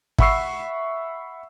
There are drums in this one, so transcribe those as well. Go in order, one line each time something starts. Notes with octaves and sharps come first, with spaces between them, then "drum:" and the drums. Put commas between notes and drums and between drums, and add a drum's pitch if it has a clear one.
E5 F#5 B5 C#6 E6 C7, drum: kick G#1